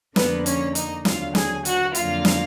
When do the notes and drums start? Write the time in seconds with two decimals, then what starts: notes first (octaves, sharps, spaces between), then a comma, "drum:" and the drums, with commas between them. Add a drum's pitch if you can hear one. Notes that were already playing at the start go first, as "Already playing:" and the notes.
0.16 F2 D3 F3 A#3 B3 B4, drum: snare
0.46 C#4 C#5, drum: hi-hat
0.75 D#4 D#5, drum: hi-hat
1.05 D#2 D3 F#3 F4 F5, drum: snare
1.35 G#4 G#5, drum: snare
1.65 F#4 F#5, drum: hi-hat
1.95 F2 D3 F#3 A#3 F4 F5, drum: hi-hat
2.25 drum: snare